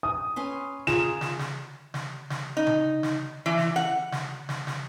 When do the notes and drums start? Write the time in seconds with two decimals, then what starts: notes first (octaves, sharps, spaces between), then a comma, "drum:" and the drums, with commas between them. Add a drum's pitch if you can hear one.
0.03 D#6
0.36 C#4 B4 C6
0.87 F4 G#4 A#4 E7, drum: snare
1.21 drum: snare
1.39 drum: snare
1.94 drum: snare
2.30 drum: snare
2.57 D#4
2.67 drum: tom C#3
3.03 drum: snare
3.46 E3
3.58 drum: snare
3.76 F#5
4.12 drum: snare
4.49 drum: snare
4.67 drum: snare